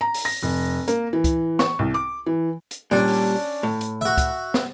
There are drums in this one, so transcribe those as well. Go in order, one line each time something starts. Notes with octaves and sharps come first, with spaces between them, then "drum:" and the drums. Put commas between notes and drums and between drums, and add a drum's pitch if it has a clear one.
A#5
drum: open hi-hat
A#6
F1
A#3, drum: hi-hat
E3
drum: kick, hi-hat
C#6, drum: snare
C2
D6
E3
drum: hi-hat
A#2 G3 C#4 D4
drum: open hi-hat
A2
drum: hi-hat
F#4 E5
drum: kick, hi-hat
drum: snare